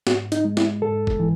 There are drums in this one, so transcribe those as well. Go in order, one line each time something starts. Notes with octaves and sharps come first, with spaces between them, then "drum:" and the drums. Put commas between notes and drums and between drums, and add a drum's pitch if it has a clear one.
G#2 F#4, drum: snare
D#4, drum: hi-hat
G#3
E4, drum: snare
G#2 A4
drum: kick F#1
E3